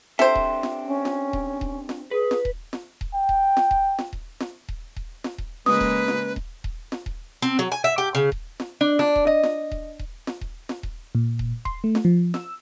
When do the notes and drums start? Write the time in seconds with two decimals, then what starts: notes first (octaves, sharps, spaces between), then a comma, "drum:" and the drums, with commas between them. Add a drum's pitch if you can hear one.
0.19 C4 D4 G4 A4 C5 E5, drum: snare
0.35 drum: kick D#1
0.63 drum: snare
0.86 C#4
1.05 drum: snare
1.33 drum: kick D#1
1.61 drum: kick D#1
1.89 drum: snare
2.11 G#4 B4
2.31 drum: snare
2.45 drum: kick D#1
2.73 drum: snare
3.01 drum: kick D#1
3.14 G5
3.29 drum: kick D#1
3.57 drum: snare
3.71 drum: kick D#1
3.99 drum: snare
4.13 drum: kick D#1
4.41 drum: snare
4.68 drum: kick D#1
4.96 drum: kick D#1
5.24 drum: snare
5.38 drum: kick D#1
5.66 C#3 G#3 A#3 B4 D#6, drum: snare
5.80 drum: kick D#1
6.08 drum: snare
6.36 drum: kick D#1
6.64 drum: kick D#1
6.92 drum: snare
7.06 drum: kick D#1
7.42 C4
7.59 F#3
7.72 G#5
7.84 E5
7.98 G4
8.15 C#3
8.32 drum: kick D#1
8.60 drum: snare
8.81 D4
8.99 D4, drum: snare
9.16 drum: kick D#1
9.27 D#5
9.44 drum: snare
9.71 drum: kick D#1
9.99 drum: kick D#1
10.27 drum: snare
10.41 drum: kick D#1
10.69 drum: snare
10.83 drum: kick D#1
11.15 A#2
11.39 drum: kick D#1
11.65 C6, drum: kick D#1
11.84 A3
11.95 drum: snare
12.05 F3
12.34 E6, drum: snare